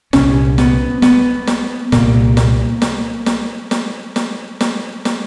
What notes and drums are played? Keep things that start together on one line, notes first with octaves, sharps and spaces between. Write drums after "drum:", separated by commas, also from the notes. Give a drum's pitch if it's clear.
C2 A#2 C#4, drum: snare
B3, drum: snare
B3, drum: snare
drum: snare
C2 A#2 A#3, drum: snare
drum: snare
drum: snare
drum: snare
drum: snare
drum: snare
drum: snare
drum: snare